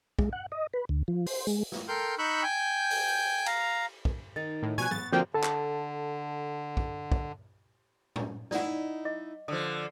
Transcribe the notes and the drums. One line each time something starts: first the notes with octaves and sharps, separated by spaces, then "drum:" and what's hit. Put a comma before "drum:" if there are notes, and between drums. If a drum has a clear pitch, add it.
G#3, drum: kick
F#5
D#5
B4
D2
F3
C5, drum: open hi-hat
G#3, drum: tambourine
drum: snare
A4 A#4 G5 C6 F6 G6
D#4 B5 C#6 E6 F#6 G6
G5 G#5 G6
drum: open hi-hat
F5 A#5, drum: cymbal
drum: kick
D#3 D#4 A6
A2
B2 F3 G3 G#5 C#6 F#6 G#6
B3 A6, drum: tom G#2
D3 F3 A#3 C4 F#4 C5 G5
D3 A4 A5
drum: clap
drum: kick
drum: kick
drum: tom A2
D#4 E4 D5 F#5, drum: snare
D#5 D6
D3 F3 D#6